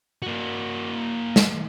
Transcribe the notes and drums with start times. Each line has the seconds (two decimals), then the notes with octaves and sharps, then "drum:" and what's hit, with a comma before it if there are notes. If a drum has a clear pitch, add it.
0.22 A#3 F#4
1.36 drum: snare